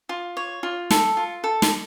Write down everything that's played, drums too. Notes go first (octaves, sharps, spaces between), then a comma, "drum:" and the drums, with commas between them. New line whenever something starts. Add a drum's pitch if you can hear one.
F4
C#5
F4
A4, drum: snare
F4
A4
drum: snare